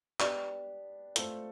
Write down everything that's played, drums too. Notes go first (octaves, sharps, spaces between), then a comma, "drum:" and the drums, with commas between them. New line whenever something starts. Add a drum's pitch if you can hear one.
B3 D4 G4 D5, drum: clap
A3 C4 F4 A4, drum: hi-hat